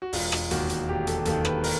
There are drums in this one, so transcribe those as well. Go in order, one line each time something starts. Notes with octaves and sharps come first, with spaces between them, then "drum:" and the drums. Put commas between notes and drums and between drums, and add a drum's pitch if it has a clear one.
F#4
E1 F4, drum: open hi-hat
drum: rim click
D#2 D#3 F#4, drum: hi-hat
drum: hi-hat
E1 G4
A4, drum: hi-hat
D#2 D#3 A4, drum: hi-hat
B4, drum: rim click
A#4, drum: open hi-hat